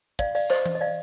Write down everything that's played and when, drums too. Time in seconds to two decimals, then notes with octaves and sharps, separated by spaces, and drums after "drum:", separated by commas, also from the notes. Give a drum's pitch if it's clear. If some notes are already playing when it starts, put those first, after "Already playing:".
0.19 D5 F5, drum: kick
0.35 D5 F5, drum: open hi-hat
0.50 C5 D#5, drum: clap
0.66 drum: tom E3
0.75 D#5
0.81 D5 F5